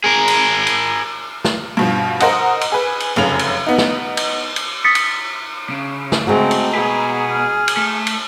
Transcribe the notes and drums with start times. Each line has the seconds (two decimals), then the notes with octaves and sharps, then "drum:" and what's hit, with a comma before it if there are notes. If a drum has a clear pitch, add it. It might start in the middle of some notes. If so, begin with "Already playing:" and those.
0.04 G#4 A#4
0.28 drum: cymbal
0.67 drum: cymbal
1.45 drum: snare
1.77 G2 B2 F3
2.20 A#4 C5 D#5 F#5 D#6, drum: cymbal
2.61 drum: cymbal
2.72 G#4 B4
3.00 drum: cymbal
3.16 F1 F#2 C#3 F7 F#7
3.39 drum: cymbal
3.67 B3 D#4
3.78 drum: snare
4.17 drum: cymbal
4.56 drum: cymbal
4.84 D#6 A6 B6 C#7
4.95 drum: cymbal
5.70 C#3
6.12 drum: snare
6.27 G#3 A3 C4 F#4 A#5
6.51 drum: cymbal
6.75 B2 G#4 B4
7.29 F6
7.68 drum: cymbal
7.77 A3
8.07 drum: cymbal